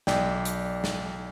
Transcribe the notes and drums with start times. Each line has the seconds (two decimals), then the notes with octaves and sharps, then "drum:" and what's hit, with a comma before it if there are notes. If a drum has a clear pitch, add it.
0.07 B1 D5 G5, drum: snare
0.45 drum: hi-hat
0.84 drum: snare